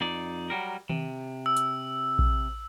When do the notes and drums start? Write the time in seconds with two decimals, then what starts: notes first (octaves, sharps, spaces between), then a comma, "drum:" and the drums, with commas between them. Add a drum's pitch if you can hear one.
0.01 F2 D#4 D5
0.50 F#3 G3 A#4
0.89 C3, drum: tom D#3
1.46 E6
1.57 drum: hi-hat
2.19 drum: kick A#1